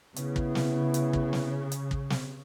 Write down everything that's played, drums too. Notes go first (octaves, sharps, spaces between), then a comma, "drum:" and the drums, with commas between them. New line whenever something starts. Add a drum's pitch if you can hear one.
C#3 B3 E4, drum: hi-hat
drum: kick
drum: snare
drum: hi-hat
drum: kick
drum: snare
drum: hi-hat
drum: kick
drum: snare